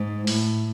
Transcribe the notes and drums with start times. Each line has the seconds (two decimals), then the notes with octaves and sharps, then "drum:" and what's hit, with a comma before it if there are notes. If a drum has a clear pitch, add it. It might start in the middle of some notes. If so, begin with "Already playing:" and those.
Already playing: G#2
0.27 A2, drum: open hi-hat